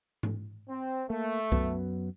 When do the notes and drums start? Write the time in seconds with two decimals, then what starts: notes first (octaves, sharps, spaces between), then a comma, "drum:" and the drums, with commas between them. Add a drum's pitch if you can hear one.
0.23 drum: tom G#2
0.69 C4
1.10 A3 A#3
1.52 F#2 F#3 B3, drum: kick C2